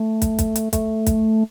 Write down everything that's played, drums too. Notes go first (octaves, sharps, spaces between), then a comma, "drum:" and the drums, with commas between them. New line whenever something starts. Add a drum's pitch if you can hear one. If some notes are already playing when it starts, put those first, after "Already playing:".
Already playing: A3
drum: kick, hi-hat
drum: kick, hi-hat
drum: hi-hat
A3, drum: kick, hi-hat
drum: kick, hi-hat